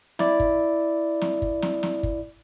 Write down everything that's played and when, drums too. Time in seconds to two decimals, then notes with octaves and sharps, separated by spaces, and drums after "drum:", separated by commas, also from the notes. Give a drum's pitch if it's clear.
0.19 E4 D5, drum: snare
0.40 drum: kick
1.21 drum: snare
1.42 drum: kick
1.62 drum: snare
1.83 drum: snare
2.03 drum: kick